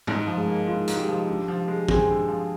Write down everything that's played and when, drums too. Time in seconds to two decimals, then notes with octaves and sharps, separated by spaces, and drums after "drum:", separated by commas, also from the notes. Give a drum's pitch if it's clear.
0.07 G#2, drum: tom G#2
0.27 F3
0.37 G#3
0.47 A#3
0.67 G#2 F4
0.87 G#2, drum: hi-hat
0.97 G4
1.08 F3
1.28 D3
1.48 F3
1.68 G#3
1.89 C4 G#4, drum: kick
2.08 D3
2.28 F3